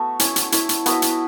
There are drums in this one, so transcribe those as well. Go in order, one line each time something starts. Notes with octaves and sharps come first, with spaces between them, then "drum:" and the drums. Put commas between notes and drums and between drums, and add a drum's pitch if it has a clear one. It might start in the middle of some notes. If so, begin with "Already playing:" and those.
Already playing: A3 B3 F#4
C#4 E4 C#5 E5, drum: hi-hat
drum: hi-hat
E4 C#5 E5, drum: hi-hat
drum: hi-hat
B3 F#4 B4 E5, drum: hi-hat
drum: hi-hat